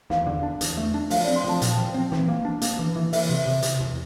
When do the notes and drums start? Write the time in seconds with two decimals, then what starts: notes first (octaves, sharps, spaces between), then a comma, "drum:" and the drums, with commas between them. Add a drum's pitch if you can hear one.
0.10 E2 F5, drum: snare
0.27 D3
0.43 D4
0.61 E2, drum: hi-hat
0.77 A3
0.94 D4
1.10 F3 F5, drum: open hi-hat
1.23 D5
1.28 C4
1.36 C6
1.44 F3 A5
1.62 A#2 G5, drum: hi-hat
1.78 F3
1.94 C4
2.12 E3, drum: snare
2.28 A#3
2.45 D4
2.62 A#3, drum: hi-hat
2.79 E3
2.96 E3
3.13 E3 E5, drum: open hi-hat
3.29 C3
3.46 C3
3.62 C3, drum: hi-hat
3.80 E2